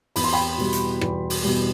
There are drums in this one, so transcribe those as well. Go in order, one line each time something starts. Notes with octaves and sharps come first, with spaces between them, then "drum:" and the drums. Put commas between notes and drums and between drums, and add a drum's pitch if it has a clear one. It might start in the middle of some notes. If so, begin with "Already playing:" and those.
E2 B5, drum: open hi-hat
C6
G5 B5
B2 G3
drum: hi-hat
E2, drum: rim click
drum: open hi-hat
B2 G3